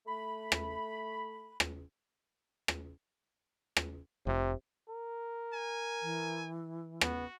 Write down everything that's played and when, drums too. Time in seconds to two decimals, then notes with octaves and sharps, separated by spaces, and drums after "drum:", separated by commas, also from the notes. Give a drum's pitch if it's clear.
0.06 A3 B5
0.52 drum: rim click
1.60 drum: rim click
2.68 drum: rim click
3.77 drum: rim click
4.27 F1 C3
4.89 A#4
5.53 G#5
6.02 E3
7.01 B3 F#4, drum: rim click